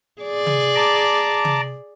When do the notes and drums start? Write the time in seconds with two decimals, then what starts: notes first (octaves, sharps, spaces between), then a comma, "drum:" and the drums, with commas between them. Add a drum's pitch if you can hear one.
0.22 G#4 D5
0.46 drum: tom
0.76 A5 A#5 D6
1.45 drum: tom